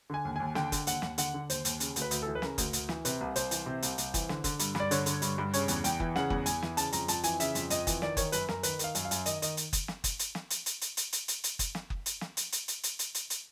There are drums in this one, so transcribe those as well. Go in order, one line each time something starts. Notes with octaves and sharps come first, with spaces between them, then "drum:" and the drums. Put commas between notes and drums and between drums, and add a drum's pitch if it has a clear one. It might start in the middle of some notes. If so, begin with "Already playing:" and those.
D3 G#5
D#2
D#2 G#5
D3 G5, drum: snare
D3, drum: kick F#1, hi-hat
D#2 F#5, drum: hi-hat
D#2, drum: snare
D3 F#5, drum: hi-hat
D3
D#2 C5, drum: hi-hat
D#2, drum: hi-hat
C#3, drum: hi-hat
D2, drum: hi-hat
B4
D2, drum: hi-hat
E3 A4
B4
C#3 A#4, drum: snare
D2, drum: kick F#1, hi-hat
D2, drum: hi-hat
E3, drum: snare
C3 B4, drum: hi-hat
C2
C2 C5, drum: hi-hat
E3, drum: hi-hat
C3
C2, drum: hi-hat
C2, drum: hi-hat
E3, drum: kick F#1, hi-hat
D3, drum: snare
D3, drum: kick F#1, hi-hat
G2, drum: hi-hat
G2 D5, drum: snare
D3 C#5, drum: hi-hat
D3, drum: hi-hat
G2, drum: hi-hat
G2
C#3 C#5, drum: hi-hat
E2, drum: hi-hat
E2 G5, drum: hi-hat
E3, drum: kick F#1
C#3 F#5, drum: snare
E2, drum: kick F#1
E2 G#5, drum: hi-hat
E3, drum: snare
C#3 A5, drum: hi-hat
F2 A#5, drum: hi-hat
F2 A5, drum: hi-hat
E3 G#5, drum: hi-hat
C#3 E5, drum: hi-hat
F2, drum: hi-hat
F2 D#5, drum: hi-hat
E3, drum: kick F#1, hi-hat
D#3 D5, drum: snare
D#3 C#5, drum: kick F#1, hi-hat
F#2 B4, drum: hi-hat
F#2 A#4, drum: snare
D#3 B4, drum: hi-hat
D#3 F5, drum: hi-hat
F#2, drum: hi-hat
F5
F#2, drum: hi-hat
D#3 D#5, drum: hi-hat
D#3 D#5, drum: hi-hat
drum: hi-hat
drum: kick F#1, hi-hat
drum: snare
drum: kick F#1, hi-hat
drum: hi-hat
drum: snare
drum: hi-hat
drum: hi-hat
drum: hi-hat
drum: hi-hat
drum: hi-hat
drum: hi-hat
drum: hi-hat
drum: kick F#1, hi-hat
drum: snare
drum: kick F#1
drum: hi-hat
drum: snare
drum: hi-hat
drum: hi-hat
drum: hi-hat
drum: hi-hat
drum: hi-hat
drum: hi-hat
drum: hi-hat